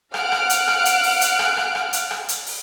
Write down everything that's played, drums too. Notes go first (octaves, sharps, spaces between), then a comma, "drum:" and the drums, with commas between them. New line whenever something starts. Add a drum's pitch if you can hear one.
F5 F#5 F6 F#6 D7, drum: rim click
drum: rim click
drum: hi-hat
drum: rim click
drum: hi-hat
drum: open hi-hat
drum: hi-hat
drum: rim click
drum: rim click
drum: rim click
drum: hi-hat
drum: rim click
drum: hi-hat
drum: open hi-hat